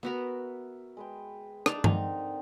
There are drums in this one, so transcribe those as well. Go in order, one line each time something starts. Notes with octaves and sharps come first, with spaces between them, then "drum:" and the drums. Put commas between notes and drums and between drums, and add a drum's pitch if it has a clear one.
B3 F#4 A#4 E5
G#3 B4 G5
D4 D#4, drum: rim click
D3 C4 D#4 A#4, drum: tom G2